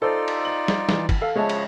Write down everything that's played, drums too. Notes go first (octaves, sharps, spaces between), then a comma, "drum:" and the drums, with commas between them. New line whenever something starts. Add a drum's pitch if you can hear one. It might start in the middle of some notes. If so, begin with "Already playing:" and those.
D#4 F4 A4 C5 D5
drum: cymbal
F#7
drum: snare
E3, drum: snare
drum: kick, cymbal
A4 F5
C#3 F3 G#3 C#5 E5 A5
drum: cymbal